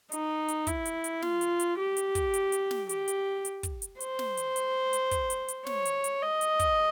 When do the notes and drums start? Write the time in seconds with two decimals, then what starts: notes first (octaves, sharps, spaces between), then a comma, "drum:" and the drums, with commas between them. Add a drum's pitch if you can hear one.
0.12 D#4, drum: hi-hat
0.48 drum: hi-hat
0.67 E4, drum: kick, hi-hat
0.85 drum: hi-hat
1.04 drum: hi-hat
1.22 F4, drum: snare
1.41 drum: hi-hat
1.60 drum: hi-hat
1.78 G4
1.97 drum: hi-hat
2.15 drum: kick, hi-hat
2.34 drum: hi-hat
2.52 drum: hi-hat
2.71 drum: snare
2.89 G4, drum: hi-hat
3.08 drum: hi-hat
3.45 drum: hi-hat
3.63 drum: kick, hi-hat
3.82 drum: hi-hat
4.00 C5, drum: hi-hat
4.19 drum: snare
4.37 drum: hi-hat
4.56 drum: hi-hat
4.93 drum: hi-hat
5.11 drum: kick, hi-hat
5.30 drum: hi-hat
5.48 drum: hi-hat
5.67 C#5, drum: snare
5.85 drum: hi-hat
6.04 drum: hi-hat
6.23 D#5
6.41 drum: hi-hat
6.59 drum: kick, hi-hat